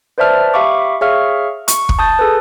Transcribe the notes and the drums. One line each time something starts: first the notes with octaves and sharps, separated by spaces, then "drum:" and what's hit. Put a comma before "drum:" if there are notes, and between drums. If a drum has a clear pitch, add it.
B4 C5 D5 E5 A5 F6
G4 E5 F5 B5 C#6 D6
G#4 C#5 E5 F5 C#6 F6
C#6, drum: hi-hat
drum: kick
A5 D#6 G6 A6
G#4 A4 B4